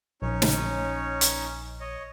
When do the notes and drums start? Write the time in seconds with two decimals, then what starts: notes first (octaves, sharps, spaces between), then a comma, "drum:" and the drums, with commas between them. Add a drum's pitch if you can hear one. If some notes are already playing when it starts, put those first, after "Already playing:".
0.22 A#1 C#4 D#4 C#5
0.42 drum: snare
1.21 drum: hi-hat
1.80 C#5 D#5